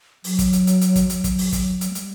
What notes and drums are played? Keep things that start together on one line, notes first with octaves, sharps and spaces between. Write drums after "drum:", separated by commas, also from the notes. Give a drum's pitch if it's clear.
F#3, drum: open hi-hat
drum: kick, hi-hat
drum: hi-hat
drum: hi-hat
drum: hi-hat
drum: kick, hi-hat
F#3, drum: hi-hat
drum: kick, hi-hat
drum: open hi-hat
drum: kick, hi-hat
drum: hi-hat
A3
G3, drum: hi-hat